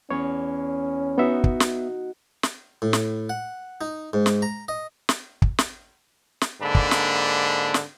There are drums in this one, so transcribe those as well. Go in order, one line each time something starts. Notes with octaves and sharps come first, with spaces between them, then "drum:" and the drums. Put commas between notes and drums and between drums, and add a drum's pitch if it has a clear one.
E2 C#4 C#5
B3 D#4 F#4 E5
drum: kick
drum: snare
drum: snare
A2
drum: snare
F#5
D#4
G#2
drum: snare
A#5
D#5
drum: snare
drum: kick
drum: snare
drum: snare
G#2 D3 A#3 D4 B5
drum: kick
drum: snare
drum: snare